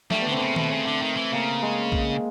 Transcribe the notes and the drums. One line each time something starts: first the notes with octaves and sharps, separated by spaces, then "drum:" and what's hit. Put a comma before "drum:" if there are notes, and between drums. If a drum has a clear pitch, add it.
G3 A3, drum: snare
B3
D3
C4
D3
C#3
B2, drum: tom D#3
C#3
D#3
D3
D#3
E3
C#3 A#3
G#3
drum: kick